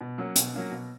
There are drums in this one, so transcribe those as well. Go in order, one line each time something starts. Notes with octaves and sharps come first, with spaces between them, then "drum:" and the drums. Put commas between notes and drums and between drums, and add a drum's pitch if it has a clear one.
B2
F#3 A#3 C#4
B2, drum: hi-hat
F#3 A#3 C#4
B2